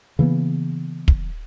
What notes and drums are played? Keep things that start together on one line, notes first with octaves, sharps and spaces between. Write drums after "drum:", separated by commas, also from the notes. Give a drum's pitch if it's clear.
C#3 E3 A#3 B3
drum: kick